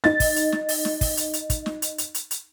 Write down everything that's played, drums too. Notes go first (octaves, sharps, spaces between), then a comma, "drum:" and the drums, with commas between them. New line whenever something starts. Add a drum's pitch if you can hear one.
D#4 A6, drum: snare
drum: kick, open hi-hat
drum: hi-hat
drum: snare
drum: open hi-hat
drum: snare
drum: kick, open hi-hat
drum: hi-hat
drum: hi-hat
drum: kick, hi-hat
drum: snare
drum: hi-hat
drum: hi-hat
drum: hi-hat
drum: hi-hat